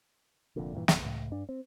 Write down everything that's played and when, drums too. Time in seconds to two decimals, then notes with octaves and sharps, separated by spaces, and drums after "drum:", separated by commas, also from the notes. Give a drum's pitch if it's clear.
0.56 F1 F2 A#2 D3
0.74 G2 A#2 D3 E3
0.88 D1, drum: snare
1.01 C#2 A2
1.31 G2 D4
1.49 C4